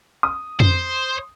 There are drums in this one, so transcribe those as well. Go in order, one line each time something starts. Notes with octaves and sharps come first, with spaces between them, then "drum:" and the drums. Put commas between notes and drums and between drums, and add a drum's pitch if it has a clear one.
D#6
C5, drum: tom F2